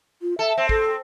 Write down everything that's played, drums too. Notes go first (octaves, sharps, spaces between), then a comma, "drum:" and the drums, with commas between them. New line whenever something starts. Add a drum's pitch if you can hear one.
F4
A4 E5
C4
A4, drum: kick